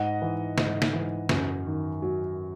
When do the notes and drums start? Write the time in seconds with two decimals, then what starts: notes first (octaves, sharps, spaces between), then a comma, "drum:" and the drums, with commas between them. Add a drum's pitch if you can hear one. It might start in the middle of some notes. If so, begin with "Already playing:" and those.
Already playing: G#2 D#5 F#5
0.22 E3
0.58 G#2, drum: snare
0.82 drum: snare
0.93 E3
1.29 F#2, drum: snare
1.67 D#3
2.02 F#3